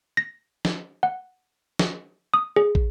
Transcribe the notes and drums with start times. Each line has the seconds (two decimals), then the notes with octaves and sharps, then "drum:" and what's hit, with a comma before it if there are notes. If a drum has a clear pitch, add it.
0.17 A#6
0.65 drum: snare
1.03 F#5
1.79 drum: snare
2.34 D#6
2.56 G#4
2.75 drum: kick